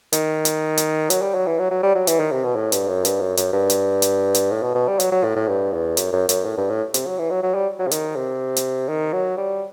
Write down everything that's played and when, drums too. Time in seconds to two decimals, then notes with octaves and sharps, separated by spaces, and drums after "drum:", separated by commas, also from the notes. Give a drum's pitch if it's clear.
0.13 D#3, drum: hi-hat
0.45 drum: hi-hat
0.77 drum: hi-hat
1.10 F#3, drum: hi-hat
1.22 G3
1.35 F#3
1.47 E3
1.59 F#3
1.71 F#3
1.83 G3
1.95 F#3
2.07 E3, drum: hi-hat
2.20 D#3
2.32 C3
2.44 B2
2.56 A2
2.72 G2, drum: hi-hat
2.88 F#2
3.05 G2, drum: hi-hat
3.20 F#2
3.37 F#2, drum: hi-hat
3.53 G2
3.70 drum: hi-hat
4.02 drum: hi-hat
4.35 drum: hi-hat
4.51 A2
4.63 B2
4.75 B2
4.88 G3
5.00 F#3, drum: hi-hat
5.12 F#3
5.24 A2
5.36 A2
5.48 G2
5.72 E2
5.97 F#2, drum: hi-hat
6.13 F#2
6.29 F#2, drum: hi-hat
6.45 A2
6.57 G2
6.70 A2
6.94 C3, drum: hi-hat
7.07 F#3
7.19 E3
7.31 F#3
7.43 F#3
7.55 G3
7.79 F#3
7.87 C3
7.91 D#3, drum: hi-hat
8.16 C3
8.56 drum: hi-hat
8.89 D#3
9.13 F#3
9.37 G3